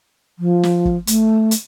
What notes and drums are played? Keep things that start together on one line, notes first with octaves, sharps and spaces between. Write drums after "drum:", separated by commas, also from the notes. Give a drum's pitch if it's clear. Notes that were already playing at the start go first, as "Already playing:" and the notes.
F3
drum: snare
drum: kick
A3, drum: hi-hat
drum: hi-hat